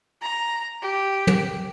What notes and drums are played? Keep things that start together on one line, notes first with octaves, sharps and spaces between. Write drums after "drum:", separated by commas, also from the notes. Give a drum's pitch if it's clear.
A#5
G4
drum: tom